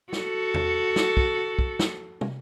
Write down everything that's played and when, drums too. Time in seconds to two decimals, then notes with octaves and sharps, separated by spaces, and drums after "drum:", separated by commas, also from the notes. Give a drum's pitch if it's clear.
0.13 F#4 A4, drum: snare
0.54 drum: tom E2
0.96 drum: snare
1.17 drum: kick
1.59 drum: kick
1.79 drum: snare
2.21 drum: tom